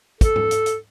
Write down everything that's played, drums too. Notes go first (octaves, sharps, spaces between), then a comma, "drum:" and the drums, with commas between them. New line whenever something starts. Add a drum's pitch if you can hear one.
A4, drum: kick, hi-hat
drum: tom G#2
drum: hi-hat
drum: hi-hat